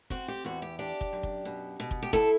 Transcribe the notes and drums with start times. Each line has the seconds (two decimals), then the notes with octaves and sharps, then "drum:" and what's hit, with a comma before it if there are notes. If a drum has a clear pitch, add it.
0.10 C4 F#4, drum: kick
0.28 G4
0.45 E2 F#4
0.62 G4
0.79 D4 G4
1.01 drum: kick
1.13 F#2
1.23 drum: kick
1.45 B2
1.80 B2
1.91 drum: kick
2.02 G4
2.13 E4 A4, drum: kick